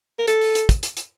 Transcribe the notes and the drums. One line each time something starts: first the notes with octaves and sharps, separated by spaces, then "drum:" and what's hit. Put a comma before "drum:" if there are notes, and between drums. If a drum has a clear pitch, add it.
A#4
A4, drum: hi-hat
drum: open hi-hat
drum: hi-hat
drum: kick, hi-hat
drum: hi-hat
drum: hi-hat